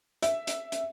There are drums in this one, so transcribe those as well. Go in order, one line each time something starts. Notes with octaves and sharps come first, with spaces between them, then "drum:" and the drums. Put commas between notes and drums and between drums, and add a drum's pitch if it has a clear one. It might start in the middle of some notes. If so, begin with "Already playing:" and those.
E5, drum: hi-hat
drum: hi-hat
drum: hi-hat